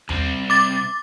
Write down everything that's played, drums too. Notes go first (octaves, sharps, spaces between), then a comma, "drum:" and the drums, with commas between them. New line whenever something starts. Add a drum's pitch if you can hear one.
C2 C4, drum: tom D#2
D6 A6